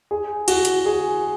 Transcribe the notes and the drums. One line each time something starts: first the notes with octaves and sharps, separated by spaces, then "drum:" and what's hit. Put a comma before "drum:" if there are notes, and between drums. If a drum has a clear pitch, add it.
G#4
F#4, drum: cymbal
drum: hi-hat
G#4